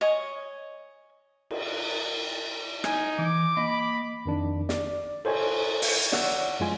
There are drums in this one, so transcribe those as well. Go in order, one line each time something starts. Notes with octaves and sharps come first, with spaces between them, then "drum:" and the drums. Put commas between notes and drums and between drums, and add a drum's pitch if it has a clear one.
C#5 D#5 G#5
drum: cymbal
D#4 G#5, drum: rim click
E3 D6
A#3 D#5 B5
F2 D#3 D4
D5, drum: snare
A4 C5 C#5 G#5, drum: cymbal
drum: open hi-hat
C#5 D5 F#5 E6 F#6, drum: snare
F#2 F3 G#3 F4 G#5